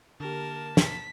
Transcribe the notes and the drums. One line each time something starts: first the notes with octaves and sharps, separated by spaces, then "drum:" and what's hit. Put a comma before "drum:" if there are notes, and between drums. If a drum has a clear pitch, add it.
D3 A#3 G4 A#4 A5
B6, drum: snare